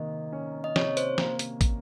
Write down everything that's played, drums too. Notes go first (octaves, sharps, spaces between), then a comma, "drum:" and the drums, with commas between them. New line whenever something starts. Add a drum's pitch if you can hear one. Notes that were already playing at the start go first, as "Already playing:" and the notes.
Already playing: C3 D#3 A#3 D#5
C#4
D#5
C3 C#5, drum: snare
C5, drum: hi-hat
A#3, drum: snare
drum: hi-hat
drum: kick, hi-hat